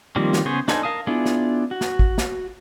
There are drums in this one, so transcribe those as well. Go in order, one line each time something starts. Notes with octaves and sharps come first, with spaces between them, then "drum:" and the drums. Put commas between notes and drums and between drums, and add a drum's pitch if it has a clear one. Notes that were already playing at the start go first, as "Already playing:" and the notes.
D#3 F3 G3 A#3 C4
drum: snare
C#3 B3 G#4 C5 C#5
D4 D#4 A4 C5 G#5, drum: snare
A#4 F5 A5 D#6
B3 D4 E4 F4 G#4
drum: snare
F#4
drum: snare
drum: kick
drum: snare